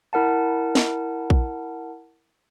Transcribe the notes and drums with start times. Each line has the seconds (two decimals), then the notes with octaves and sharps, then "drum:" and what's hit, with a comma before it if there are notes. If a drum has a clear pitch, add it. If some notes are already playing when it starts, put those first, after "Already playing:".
0.13 E4 A#4 F#5 A5
0.75 drum: snare
1.30 drum: kick A#1